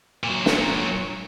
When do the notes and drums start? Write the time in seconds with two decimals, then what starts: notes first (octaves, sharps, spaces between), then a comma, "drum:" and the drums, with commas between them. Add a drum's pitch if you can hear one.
0.24 A#2 F#3
0.46 drum: snare